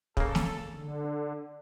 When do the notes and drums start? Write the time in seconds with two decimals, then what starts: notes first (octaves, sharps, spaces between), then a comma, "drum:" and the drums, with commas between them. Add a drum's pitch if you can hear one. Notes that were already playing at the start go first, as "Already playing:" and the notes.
0.17 C#3 A#3 A4, drum: kick
0.35 drum: snare
0.73 D3